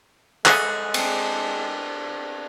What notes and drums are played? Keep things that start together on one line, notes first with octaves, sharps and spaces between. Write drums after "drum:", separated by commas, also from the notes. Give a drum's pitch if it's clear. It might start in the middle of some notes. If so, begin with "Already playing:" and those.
G#3 G#4 A4 F#5 F#6, drum: clap
C4 D4, drum: cymbal